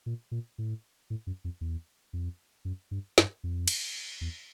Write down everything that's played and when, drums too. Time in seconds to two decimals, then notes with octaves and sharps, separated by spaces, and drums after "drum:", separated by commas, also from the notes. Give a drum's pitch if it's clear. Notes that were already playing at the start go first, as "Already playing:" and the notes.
0.06 A#2
0.31 A#2
0.58 A2
1.10 A2
1.27 F#2
1.44 F2
1.61 E2
2.13 F2
2.65 F#2
2.91 G2
3.18 G2, drum: snare
3.43 F2
3.68 drum: cymbal
4.21 E2